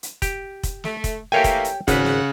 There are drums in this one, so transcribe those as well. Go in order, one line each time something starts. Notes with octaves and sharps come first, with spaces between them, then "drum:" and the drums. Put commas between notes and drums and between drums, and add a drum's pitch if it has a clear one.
drum: hi-hat
G4, drum: kick, hi-hat
drum: kick, hi-hat
A3, drum: snare
drum: kick, hi-hat
E3 A3 A#3 G4 C#5 G5 G#5
drum: kick, hi-hat
drum: hi-hat
G#1 C#3 B4 F#5, drum: kick, hi-hat
drum: snare